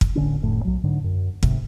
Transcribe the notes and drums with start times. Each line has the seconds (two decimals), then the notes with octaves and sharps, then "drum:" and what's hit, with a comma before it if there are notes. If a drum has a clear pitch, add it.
0.01 drum: kick
0.15 A1 D3 C#4
0.41 F1 A2
0.65 B1 F#3
0.84 G#2 D3
1.04 F#2
1.43 G#2 C3, drum: kick